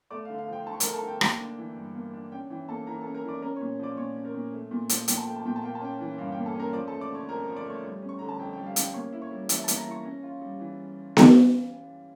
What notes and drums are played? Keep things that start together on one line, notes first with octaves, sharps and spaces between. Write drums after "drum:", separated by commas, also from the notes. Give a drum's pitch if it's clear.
A3 D5 D6
F5
D3
F5
F3 G5
D3 A4 A5
C#6
A#4 A#5, drum: hi-hat
A3
A4 A5
D3 G5
A#3 G5, drum: rim click
D4
E3
G2
A#3
D4
C#4 G5
E3 G5
A#3 A4 A5
E3 A#4 A#5
A4 A5
C#4
A#4 A#5
E3 D5 D6
C#4 A#4 A#5
C#5 C#6
A#2
F3 D5 D6
A#2 C#5 C#6
C#4
A#4 A#5
A#2
A3
A#2
F3, drum: hi-hat
A#2 G5, drum: hi-hat
A5
A3 G5
A5
A#2 G5
A5
A#3 G5
A5
C#4 G5
E3
G2 F5
G5
A#3
A4 A5
C#4 A#4 A#5
F3 D5 D6
A4 A5
A3
D5 D6
D3 C#5 C#6
F2 A#4 A#5
F3
D5 D6
A3 C#5 C#6
G3
C#4
C#6
D3 A#5
A5
F2 G5
G5
G3
F5
C#4 G5, drum: hi-hat
A#3 C#5 C#6
E4
C#5 C#6
G3
E3 E5 E6, drum: hi-hat
A5 A6
A#3, drum: hi-hat
A#5 A#6
E4 C#6 C#7
C#4
F4
G3
E3
drum: snare B3